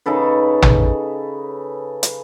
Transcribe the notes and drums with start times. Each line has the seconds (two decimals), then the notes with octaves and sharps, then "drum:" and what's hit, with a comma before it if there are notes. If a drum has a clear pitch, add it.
0.06 C#3 D#4 A4 B4
0.62 drum: tom
2.03 drum: hi-hat